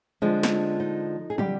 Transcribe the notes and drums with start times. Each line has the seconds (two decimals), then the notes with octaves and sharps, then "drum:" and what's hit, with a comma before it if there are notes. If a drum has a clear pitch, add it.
0.22 D3 F3 G#3 D4
0.43 drum: snare
0.80 D#4
1.30 G#4
1.38 D3 G3 G4, drum: tom